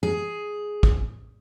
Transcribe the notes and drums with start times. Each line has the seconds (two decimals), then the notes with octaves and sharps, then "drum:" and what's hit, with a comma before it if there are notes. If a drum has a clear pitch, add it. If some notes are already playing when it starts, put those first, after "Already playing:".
0.03 G#4
0.83 drum: kick